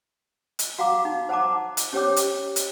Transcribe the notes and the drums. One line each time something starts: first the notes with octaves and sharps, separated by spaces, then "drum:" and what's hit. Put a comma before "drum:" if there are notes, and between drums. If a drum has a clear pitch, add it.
drum: hi-hat
F#4 F5 F#5 A#5 D6
D#4
C5 F#5 A5 A#5 D6
drum: hi-hat
C#4 G4 C5 C#5 G5 D6
drum: hi-hat
drum: hi-hat